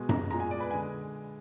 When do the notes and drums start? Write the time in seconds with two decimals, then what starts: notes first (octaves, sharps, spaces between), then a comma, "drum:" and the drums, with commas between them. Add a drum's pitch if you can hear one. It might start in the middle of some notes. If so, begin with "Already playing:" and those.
Already playing: B2 G#3
0.09 A#5, drum: tom F#2
0.30 A#2 G#3 A#5
0.40 G#5
0.51 D5
0.60 B4
0.71 D3 G#3 G#5